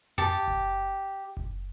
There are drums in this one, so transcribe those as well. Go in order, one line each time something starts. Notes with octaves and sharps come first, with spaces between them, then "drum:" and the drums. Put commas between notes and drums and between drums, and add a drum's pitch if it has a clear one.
G4 A5, drum: tom F2
drum: kick F#1
drum: kick F#1